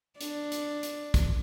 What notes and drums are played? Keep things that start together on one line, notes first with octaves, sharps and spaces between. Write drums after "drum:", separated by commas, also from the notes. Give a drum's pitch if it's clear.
D4, drum: hi-hat
drum: hi-hat
drum: hi-hat
drum: kick, hi-hat